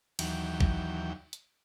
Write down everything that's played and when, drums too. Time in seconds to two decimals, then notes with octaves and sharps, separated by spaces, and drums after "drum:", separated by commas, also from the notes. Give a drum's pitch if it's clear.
0.19 D#2 E3 F#3 G5, drum: cymbal
0.61 drum: kick
1.33 drum: hi-hat